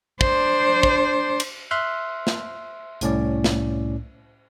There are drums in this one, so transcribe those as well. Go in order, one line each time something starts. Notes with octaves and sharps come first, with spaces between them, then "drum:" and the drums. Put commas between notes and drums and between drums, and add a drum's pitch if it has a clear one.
D4 C5, drum: kick
drum: kick
drum: cymbal
E5 C6 F6 F#6
drum: snare
C2 A2 C#4 D5, drum: hi-hat
drum: snare